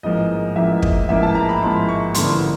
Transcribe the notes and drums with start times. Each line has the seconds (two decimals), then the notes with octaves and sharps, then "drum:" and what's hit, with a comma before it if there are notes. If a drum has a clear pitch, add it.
0.03 A1 G#2 F3 A#3 D#5
0.56 A1 G#2 F3 A#3 E5
0.82 D#5, drum: kick
1.09 A1 G#2 F3 A#3 E5
1.23 A5
1.35 A#5
1.49 B5
1.62 A1 G#2 F3 A#3 C6
1.89 C#6
2.14 A1 G2 D3 F3 A#3 C6, drum: hi-hat